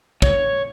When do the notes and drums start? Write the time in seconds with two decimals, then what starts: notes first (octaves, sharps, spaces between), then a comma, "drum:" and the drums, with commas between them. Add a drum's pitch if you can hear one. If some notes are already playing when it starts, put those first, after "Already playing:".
0.22 C#5, drum: kick